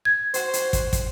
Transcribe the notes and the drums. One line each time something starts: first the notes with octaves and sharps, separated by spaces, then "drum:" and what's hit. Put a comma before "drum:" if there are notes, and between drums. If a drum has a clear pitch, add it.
G#6
F#4 C5, drum: hi-hat
drum: hi-hat
drum: kick, hi-hat
drum: kick, hi-hat